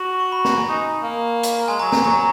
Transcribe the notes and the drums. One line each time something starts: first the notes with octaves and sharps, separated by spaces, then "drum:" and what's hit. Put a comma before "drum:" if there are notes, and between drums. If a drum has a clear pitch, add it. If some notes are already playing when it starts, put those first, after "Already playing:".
Already playing: F#4
C#6
B5
A#5, drum: snare
G#5
D#4
A#3
drum: hi-hat
G#3 G#5
F#3 A#5
G#5, drum: snare
F#3 A#5